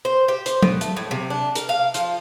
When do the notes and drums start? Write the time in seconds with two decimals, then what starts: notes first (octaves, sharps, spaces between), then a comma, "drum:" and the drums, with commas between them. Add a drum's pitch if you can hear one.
0.05 C5
0.28 G4
0.46 C5, drum: hi-hat
0.62 B2, drum: tom F#3
0.81 A3, drum: hi-hat
0.96 A2
1.11 C3
1.30 D4
1.55 A#4, drum: hi-hat
1.69 F5
1.94 F3, drum: hi-hat